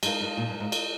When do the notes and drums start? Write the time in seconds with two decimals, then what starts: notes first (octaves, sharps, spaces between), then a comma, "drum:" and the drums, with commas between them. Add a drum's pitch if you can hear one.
0.03 G2 G#3 D#4 A#4 F5, drum: cymbal
0.20 G2
0.37 A#2
0.49 G2
0.60 G#2
0.72 drum: cymbal